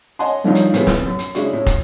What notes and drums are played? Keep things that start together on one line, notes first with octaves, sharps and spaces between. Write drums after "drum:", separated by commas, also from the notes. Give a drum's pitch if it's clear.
C#5 D#5 F#5 G#5 A5 C6
G2 D3 D#3 F3 F#3 D#4
drum: hi-hat
A2 C3 E3 B3 G#4, drum: hi-hat
drum: snare
F#2
drum: hi-hat
C#3 G#3 D4 E4 F#4, drum: hi-hat
A2
drum: kick, hi-hat